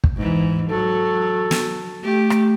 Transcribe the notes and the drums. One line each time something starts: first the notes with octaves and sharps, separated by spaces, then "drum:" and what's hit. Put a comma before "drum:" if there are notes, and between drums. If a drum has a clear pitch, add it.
drum: kick
G#2 E3
F#3 A4
drum: snare
A3 G4
drum: rim click